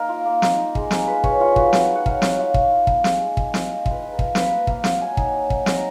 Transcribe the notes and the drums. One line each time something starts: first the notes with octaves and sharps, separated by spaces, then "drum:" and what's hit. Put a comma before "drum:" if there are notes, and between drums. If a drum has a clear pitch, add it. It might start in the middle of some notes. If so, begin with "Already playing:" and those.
Already playing: A#3 D#4 A#4
F4
A#3
D#4, drum: snare
D#4
G#3, drum: kick
D#4, drum: snare
G#3 B4
G#3 C#5, drum: kick
F3 F4
F3 F#4, drum: kick
D#4 F#4, drum: snare
F#3
F#5
F#3 F5, drum: kick
F#3 F#5, drum: snare
F4 F5
F4, drum: kick
F4
A#3, drum: kick
G#3, drum: snare
G#3
G#3, drum: kick
F4, drum: snare
F4 D#5
F4, drum: kick
B4
F3
A#4
F3, drum: kick
A#3 B4, drum: snare
A#3 D#5
A#3 F5, drum: kick
F4 F#5, drum: snare
F#3 G#5
D#4, drum: kick
F#3
D#4, drum: kick
D#4 A#5, drum: snare